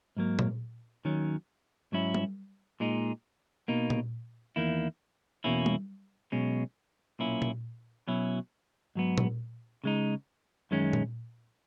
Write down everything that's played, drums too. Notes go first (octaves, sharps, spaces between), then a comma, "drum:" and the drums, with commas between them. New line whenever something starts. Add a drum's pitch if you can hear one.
G#2 F#3 A#3
drum: tom A#2
D#2 D#3 F#3 C#4
G#2 F#3 C#4 E4
drum: tom G3
A#2 G#3 D#4
B2 A#3 D#4
drum: tom A#2
E2 D#3 A#3 E4
E2 B2 A#3 C#4 E4
drum: tom G3
B1 B2 G#3 C#4
B1 A#2 A#3 C#4 E4
drum: tom A#2
B2 F#3 C#4 E4
G#2 F#3 B3
drum: tom A#2
C#3 G#3 D#4
F#2 D#3 G#3 C#4
drum: tom A#2